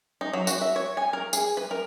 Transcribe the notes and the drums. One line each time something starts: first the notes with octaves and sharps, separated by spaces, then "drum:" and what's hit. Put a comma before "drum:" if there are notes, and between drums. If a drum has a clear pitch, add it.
D#4
F#3
F#4, drum: tambourine
E5
C#5
G#5
A#4
G#4, drum: tambourine
B4
A#4